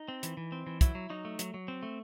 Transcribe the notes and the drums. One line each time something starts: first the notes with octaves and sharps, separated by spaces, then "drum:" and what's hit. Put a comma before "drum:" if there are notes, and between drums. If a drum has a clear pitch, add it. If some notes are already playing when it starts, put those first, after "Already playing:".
Already playing: D#4
C4
E3, drum: hi-hat
E3
C4
E3
F#3 E4, drum: kick, hi-hat
F#3
F#3 D#4
A3
F#3, drum: hi-hat
F#3
C4
A3